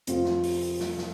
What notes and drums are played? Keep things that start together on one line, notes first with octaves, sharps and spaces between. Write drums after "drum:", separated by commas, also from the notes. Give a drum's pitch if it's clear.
F1 F2 F3 C4 F4, drum: hi-hat
drum: snare
drum: open hi-hat
drum: snare
drum: snare